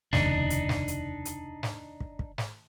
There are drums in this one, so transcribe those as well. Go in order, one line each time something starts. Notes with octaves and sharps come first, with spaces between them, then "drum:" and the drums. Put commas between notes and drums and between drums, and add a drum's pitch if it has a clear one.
F1 D#2 C#3 D4 D#4, drum: snare
drum: hi-hat
drum: snare
drum: hi-hat
drum: hi-hat
drum: snare
drum: kick
drum: kick
drum: snare